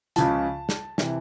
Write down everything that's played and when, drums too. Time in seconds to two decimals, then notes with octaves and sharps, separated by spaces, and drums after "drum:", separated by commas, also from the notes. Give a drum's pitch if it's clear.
0.16 C#2 C#3 F3 A5, drum: hi-hat
0.69 drum: snare
0.98 C3 E3, drum: snare